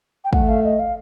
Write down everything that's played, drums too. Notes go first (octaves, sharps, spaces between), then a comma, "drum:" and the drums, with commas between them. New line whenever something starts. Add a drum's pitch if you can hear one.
G5
A3 F#5, drum: kick
F5
D#5
F5